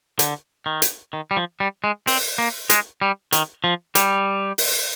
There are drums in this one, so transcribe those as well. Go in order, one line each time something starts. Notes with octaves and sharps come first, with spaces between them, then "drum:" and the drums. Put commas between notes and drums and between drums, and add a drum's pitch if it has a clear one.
D3, drum: hi-hat
D#3
drum: hi-hat
D#3
G3
F3
G3
G#3
C4, drum: open hi-hat
A#3
G#3, drum: hi-hat
G3
D#3, drum: hi-hat
F3
G3, drum: hi-hat
drum: open hi-hat